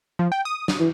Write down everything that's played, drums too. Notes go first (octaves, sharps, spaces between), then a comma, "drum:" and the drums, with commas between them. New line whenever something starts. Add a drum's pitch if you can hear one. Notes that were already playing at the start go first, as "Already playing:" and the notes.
F3
G5
D#6
drum: snare
E3